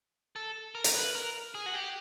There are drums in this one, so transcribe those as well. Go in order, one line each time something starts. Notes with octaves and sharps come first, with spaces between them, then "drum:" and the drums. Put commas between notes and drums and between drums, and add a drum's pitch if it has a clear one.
A4
A#4
drum: hi-hat
B4
A#4
G#4
F#4
G4